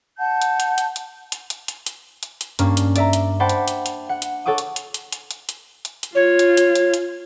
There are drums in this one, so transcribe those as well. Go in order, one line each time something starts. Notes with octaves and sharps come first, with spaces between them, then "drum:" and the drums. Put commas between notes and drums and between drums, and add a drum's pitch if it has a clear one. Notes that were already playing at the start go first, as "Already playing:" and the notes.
F#5 A5 G6
drum: hi-hat
drum: hi-hat
drum: hi-hat
drum: hi-hat
drum: hi-hat
drum: hi-hat
drum: hi-hat
drum: hi-hat
drum: hi-hat
drum: hi-hat
G2 A#3 C#4 D4, drum: hi-hat
drum: hi-hat
D5 E5 A#5, drum: hi-hat
drum: hi-hat
C5 F#5 G5 A5 B5 D6
drum: hi-hat
drum: hi-hat
drum: hi-hat
F#5
drum: hi-hat
A4 C#5 F#5 D6 D#6
drum: hi-hat
drum: hi-hat
drum: hi-hat
drum: hi-hat
drum: hi-hat
drum: hi-hat
drum: hi-hat
drum: hi-hat
F4 C#5
drum: hi-hat
drum: hi-hat
drum: hi-hat
drum: hi-hat